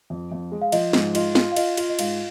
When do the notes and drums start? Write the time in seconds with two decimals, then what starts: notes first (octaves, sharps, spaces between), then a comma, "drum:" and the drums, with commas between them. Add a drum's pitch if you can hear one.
0.10 F2
0.32 F2
0.51 G#3
0.62 F5
0.72 F3 D#5, drum: cymbal
0.93 G#2, drum: snare
1.15 F4 D#5, drum: cymbal
1.35 F4, drum: snare
1.52 F5
1.56 F4 D#5, drum: cymbal
1.77 F4, drum: cymbal
1.90 D#5
1.99 G#2 F5, drum: cymbal